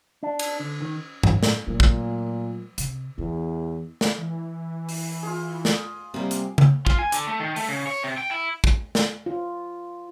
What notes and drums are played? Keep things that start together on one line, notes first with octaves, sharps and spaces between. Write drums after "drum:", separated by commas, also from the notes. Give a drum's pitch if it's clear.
D4
drum: cymbal
D3
D#3
A2 F#3, drum: tom G2
drum: snare
A#2 F#3 A3
drum: kick
C3, drum: hi-hat
E2 E3
drum: snare
E3
drum: open hi-hat
F4 G#4
D#6, drum: snare
C3 G3 A#3
drum: hi-hat
drum: tom C#3
F4, drum: kick
G#5
D3, drum: hi-hat
A3
D#3
A3, drum: open hi-hat
C#3
C#5
C3
G5
E4
drum: kick
drum: snare
F4